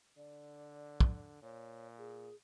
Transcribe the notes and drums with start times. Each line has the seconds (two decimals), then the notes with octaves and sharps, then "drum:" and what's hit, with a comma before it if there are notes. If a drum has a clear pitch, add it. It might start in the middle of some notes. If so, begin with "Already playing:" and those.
0.17 D3 D5
1.00 drum: kick
1.42 A#2 C#5
1.98 G#4